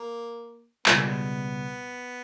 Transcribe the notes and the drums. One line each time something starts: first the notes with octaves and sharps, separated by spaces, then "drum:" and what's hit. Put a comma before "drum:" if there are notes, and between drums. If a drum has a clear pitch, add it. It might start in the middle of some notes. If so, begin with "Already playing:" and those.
Already playing: A#3
C#2 B2 G3 B3, drum: clap